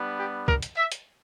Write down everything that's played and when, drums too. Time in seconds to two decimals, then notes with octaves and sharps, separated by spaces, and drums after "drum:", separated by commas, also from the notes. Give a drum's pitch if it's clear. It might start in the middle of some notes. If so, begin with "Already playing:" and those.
Already playing: G3 B3 D4
0.19 G4
0.48 A#4, drum: kick
0.62 drum: hi-hat
0.77 E5
0.92 drum: hi-hat